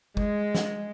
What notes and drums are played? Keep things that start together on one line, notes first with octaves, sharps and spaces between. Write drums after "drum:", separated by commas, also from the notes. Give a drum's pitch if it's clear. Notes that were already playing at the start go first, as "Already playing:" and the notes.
G#3, drum: kick
drum: snare